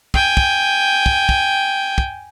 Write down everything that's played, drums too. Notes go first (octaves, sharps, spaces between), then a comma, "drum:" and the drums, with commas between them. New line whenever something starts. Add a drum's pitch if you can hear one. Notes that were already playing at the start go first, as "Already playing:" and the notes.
G5 G#5, drum: kick
drum: kick
drum: kick
drum: kick
drum: kick